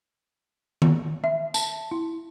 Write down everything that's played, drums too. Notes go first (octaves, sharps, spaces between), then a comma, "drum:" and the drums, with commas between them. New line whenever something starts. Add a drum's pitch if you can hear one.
drum: tom D#3
E5
A5, drum: tambourine
E4